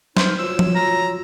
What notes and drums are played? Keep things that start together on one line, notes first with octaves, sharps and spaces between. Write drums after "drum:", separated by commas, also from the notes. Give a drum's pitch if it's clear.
D#4 B4 C5 F6, drum: snare
F4 F#4 C#5 E6
drum: tom F3
A#5